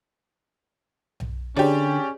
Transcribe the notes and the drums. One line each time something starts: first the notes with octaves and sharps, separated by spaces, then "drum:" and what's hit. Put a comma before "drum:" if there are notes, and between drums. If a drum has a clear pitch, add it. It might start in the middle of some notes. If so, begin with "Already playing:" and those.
drum: tom B1
D3 C#4 D4 G4 G#4 C#5